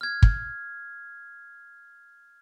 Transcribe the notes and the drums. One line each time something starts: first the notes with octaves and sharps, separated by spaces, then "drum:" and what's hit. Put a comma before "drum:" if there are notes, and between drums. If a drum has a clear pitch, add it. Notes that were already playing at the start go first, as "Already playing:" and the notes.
F6 G#6
drum: kick